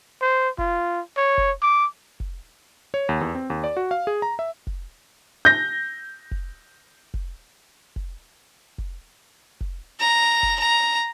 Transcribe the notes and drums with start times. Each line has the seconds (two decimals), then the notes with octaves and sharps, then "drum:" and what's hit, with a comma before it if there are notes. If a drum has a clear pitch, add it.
0.22 C5
0.58 F4, drum: kick F1
1.17 C#5
1.38 drum: kick F1
1.62 D6
2.20 drum: kick F1
2.94 C#5
3.09 D#2
3.21 E2
3.35 C4
3.50 D#2
3.64 D5
3.77 F#4
3.91 F5
4.07 G#4
4.22 A#5
4.39 E5
4.67 drum: kick F1
5.45 G6 A#6
6.32 drum: kick F1
7.14 drum: kick F1
7.96 drum: kick F1
8.78 drum: kick F1
9.61 drum: kick F1
10.00 A#5
10.43 drum: kick F1
10.60 A#5